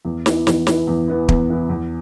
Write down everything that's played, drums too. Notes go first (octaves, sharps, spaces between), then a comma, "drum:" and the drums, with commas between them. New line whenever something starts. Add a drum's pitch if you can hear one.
E2
E3 B3 E4, drum: snare
E2, drum: snare
E3 B3 E4, drum: snare
E2
E3 B3 E4
E2, drum: kick
E3 B3 E4
E2